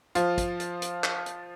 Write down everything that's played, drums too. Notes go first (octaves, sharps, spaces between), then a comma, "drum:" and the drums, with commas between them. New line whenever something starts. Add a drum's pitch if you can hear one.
F3 F4, drum: hi-hat
drum: kick, hi-hat
drum: hi-hat
drum: hi-hat
drum: clap
drum: hi-hat